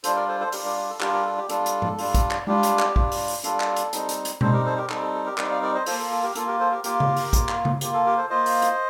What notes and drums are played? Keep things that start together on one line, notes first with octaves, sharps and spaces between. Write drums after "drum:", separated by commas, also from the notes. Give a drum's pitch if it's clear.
G3 D4 F4 A4 C5, drum: hi-hat
A#4 D5
A4 C5
A4 C5
G3 D4 F4 G4 A#4, drum: open hi-hat
G4 A#4
G4
A4
G3 D4 F4 G4 A#4, drum: clap
G4 A#4
A4
G4
G3 D4 F4 A4, drum: hi-hat
drum: hi-hat
drum: tom G#2
G3 D4 F4, drum: open hi-hat
drum: kick, hi-hat
drum: clap
G3 D4 F4 G4, drum: tom G#3
drum: hi-hat
drum: clap
G3 D4 F4, drum: kick
drum: open hi-hat
drum: open hi-hat
G3 D4 F4 A4, drum: hi-hat
drum: clap
drum: hi-hat
G3 C4 D#4, drum: hi-hat
drum: hi-hat
drum: hi-hat
G3 C4 D#4 A4 C5, drum: tom B2
G4 A#4
A4 C5
G4 A#4
G3 C4 D#4 A4, drum: clap
A4
A4
G4 A#4
G3 C4 D#4 A#4 D5, drum: clap
D5 F5
A#4 D5
C5 D#5
A#3 F4 A4 C5, drum: open hi-hat
A4
A4
G4 A#4
A#3 F4 A4, drum: hi-hat
G4 A#4
A4 C5
G4 A#4
A#3 F4 G4 A#4, drum: hi-hat
drum: tom C#3
drum: open hi-hat
A#3 F4, drum: kick, hi-hat
drum: clap
drum: tom C#3
A#3 F4 G4, drum: hi-hat
A4
G4 A#4
A4 C5
A#3 F4 C5 D#5
drum: open hi-hat
drum: hi-hat